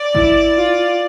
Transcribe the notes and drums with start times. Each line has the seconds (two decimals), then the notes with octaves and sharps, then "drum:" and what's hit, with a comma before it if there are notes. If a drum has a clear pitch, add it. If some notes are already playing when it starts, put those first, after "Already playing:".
Already playing: D5
0.15 E4, drum: kick
0.57 F4